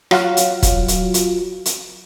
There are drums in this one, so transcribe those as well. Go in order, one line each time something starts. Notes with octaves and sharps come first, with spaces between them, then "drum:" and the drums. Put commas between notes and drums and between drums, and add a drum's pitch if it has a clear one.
F#3 F4 F#4 F5, drum: rim click
drum: hi-hat
drum: kick E1, hi-hat
drum: hi-hat
drum: hi-hat
drum: hi-hat